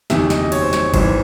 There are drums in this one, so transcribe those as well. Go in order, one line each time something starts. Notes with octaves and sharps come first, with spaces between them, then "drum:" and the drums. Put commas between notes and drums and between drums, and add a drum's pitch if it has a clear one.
F#1 E2 C3 D#3 E5, drum: snare
D#5, drum: snare
D#5
C#5, drum: cymbal
C5
C#5, drum: snare
G#1 G#2 E3 C5, drum: kick F#1, cymbal